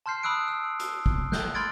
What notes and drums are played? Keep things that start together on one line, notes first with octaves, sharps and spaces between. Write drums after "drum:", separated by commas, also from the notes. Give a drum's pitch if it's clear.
A5 C6 F6 G6 C7
B5 D#6 E6 F#6 D7
E6
drum: hi-hat
drum: kick
F#6 G6, drum: snare
B5 C6 F6 G#6 A6 D7